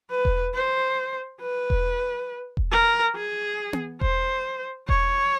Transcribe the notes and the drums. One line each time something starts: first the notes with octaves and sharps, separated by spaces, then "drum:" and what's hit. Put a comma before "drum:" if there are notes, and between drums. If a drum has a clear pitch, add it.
B4
drum: kick E1
C5
B4
drum: kick E1
drum: kick E1
A#4
G#4
drum: tom B3
C5, drum: kick E1
C#5, drum: kick E1